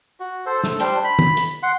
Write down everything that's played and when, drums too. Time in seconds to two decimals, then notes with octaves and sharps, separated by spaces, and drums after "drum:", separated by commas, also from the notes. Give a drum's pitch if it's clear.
0.20 F#4
0.46 A4 C5
0.64 A3 E6, drum: snare
0.80 G3 D4 C5 G5, drum: hi-hat
1.04 B5
1.19 drum: tom
1.37 drum: hi-hat
1.63 F#5 C6